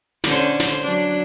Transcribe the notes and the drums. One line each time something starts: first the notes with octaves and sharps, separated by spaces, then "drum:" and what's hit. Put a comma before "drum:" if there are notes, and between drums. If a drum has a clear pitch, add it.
D3 C#4 C5, drum: snare
drum: snare
F#3 D4